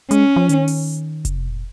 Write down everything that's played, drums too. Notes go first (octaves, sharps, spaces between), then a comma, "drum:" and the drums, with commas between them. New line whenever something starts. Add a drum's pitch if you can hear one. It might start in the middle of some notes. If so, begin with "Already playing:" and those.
G#3 C#4, drum: hi-hat
F3
D#3, drum: hi-hat
drum: open hi-hat
C#3, drum: kick F1, hi-hat
C3
A#2